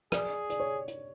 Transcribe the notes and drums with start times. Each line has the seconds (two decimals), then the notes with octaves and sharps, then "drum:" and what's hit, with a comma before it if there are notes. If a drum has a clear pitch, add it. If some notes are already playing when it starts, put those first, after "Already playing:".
0.12 G#4 D5, drum: rim click
0.50 D5, drum: hi-hat
0.60 C#5
0.88 drum: hi-hat